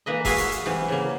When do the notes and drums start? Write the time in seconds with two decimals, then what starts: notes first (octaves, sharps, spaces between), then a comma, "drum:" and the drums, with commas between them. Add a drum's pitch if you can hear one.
0.06 E3 A#3 B4 D#5
0.25 F#4 G#4 B4 E5 F5, drum: kick E1, open hi-hat
0.38 drum: hi-hat
0.52 drum: hi-hat
0.66 C3 E3 B3, drum: snare
0.88 C#3 A#3